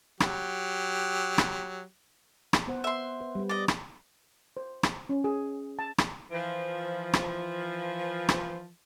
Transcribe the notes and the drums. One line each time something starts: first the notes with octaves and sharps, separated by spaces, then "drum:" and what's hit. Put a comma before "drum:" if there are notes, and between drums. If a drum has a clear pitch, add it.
F#3 G4, drum: rim click
drum: rim click
drum: rim click
B3 C5 F#5
E5 C6
B4
G3 B4
D5 D#5
drum: rim click
C5
drum: rim click
C#4
G#4
A5
drum: rim click
E3 F3
drum: rim click
drum: rim click